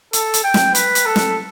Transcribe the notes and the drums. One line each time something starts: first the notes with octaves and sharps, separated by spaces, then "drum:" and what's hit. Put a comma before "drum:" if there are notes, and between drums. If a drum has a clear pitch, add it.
A4, drum: hi-hat
drum: hi-hat
G5
drum: snare
B4, drum: hi-hat
drum: hi-hat
A4
drum: snare